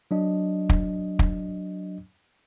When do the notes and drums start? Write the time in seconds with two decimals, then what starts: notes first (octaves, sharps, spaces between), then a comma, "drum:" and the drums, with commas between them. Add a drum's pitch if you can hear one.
0.11 F#3 D4 D#5
0.69 drum: kick
1.19 drum: kick